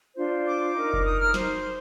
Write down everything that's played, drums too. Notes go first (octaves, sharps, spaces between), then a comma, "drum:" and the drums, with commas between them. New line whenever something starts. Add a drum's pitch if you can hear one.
D4 F4 C5
D6
D#4 A#4
drum: kick F1
D#6
F6
C5, drum: snare